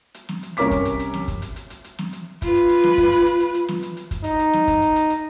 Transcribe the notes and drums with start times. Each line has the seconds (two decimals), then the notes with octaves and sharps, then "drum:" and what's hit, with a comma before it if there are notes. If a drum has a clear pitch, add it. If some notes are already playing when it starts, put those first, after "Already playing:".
0.14 drum: hi-hat
0.29 drum: snare
0.43 drum: hi-hat
0.57 C2 C#4 A#4 C#5 D6 B6, drum: hi-hat
0.71 drum: kick, hi-hat
0.85 drum: hi-hat
0.99 drum: hi-hat
1.14 drum: snare
1.28 drum: kick, hi-hat
1.42 drum: hi-hat
1.56 drum: hi-hat
1.70 drum: hi-hat
1.84 drum: hi-hat
1.99 drum: snare
2.13 drum: hi-hat
2.42 F4 B4, drum: kick, hi-hat
2.55 drum: hi-hat
2.69 drum: hi-hat
2.83 drum: snare
2.98 drum: kick, hi-hat
3.12 drum: hi-hat
3.26 drum: hi-hat
3.40 drum: hi-hat
3.54 drum: hi-hat
3.68 drum: snare
3.83 drum: hi-hat
3.97 drum: hi-hat
4.11 drum: kick, hi-hat
4.24 D#4, drum: hi-hat
4.39 drum: hi-hat
4.53 drum: snare
4.68 drum: kick, hi-hat
4.82 drum: hi-hat
4.96 drum: hi-hat
5.10 drum: hi-hat